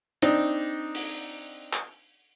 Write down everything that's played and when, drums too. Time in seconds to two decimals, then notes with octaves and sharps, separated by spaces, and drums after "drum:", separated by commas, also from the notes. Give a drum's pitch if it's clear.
0.22 C4 D4 D#4, drum: hi-hat
0.95 drum: open hi-hat
1.73 drum: clap